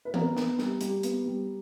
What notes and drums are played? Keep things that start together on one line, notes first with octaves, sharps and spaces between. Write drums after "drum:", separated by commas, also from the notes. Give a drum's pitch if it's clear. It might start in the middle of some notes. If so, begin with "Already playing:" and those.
B4
B3 A#4, drum: tom E3
B3, drum: snare
G3, drum: snare
G3, drum: hi-hat
B3, drum: hi-hat
G3